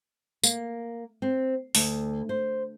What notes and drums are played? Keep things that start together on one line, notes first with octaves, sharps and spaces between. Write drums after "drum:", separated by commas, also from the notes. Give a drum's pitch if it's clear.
A#3, drum: tambourine
C4
D2, drum: open hi-hat
C5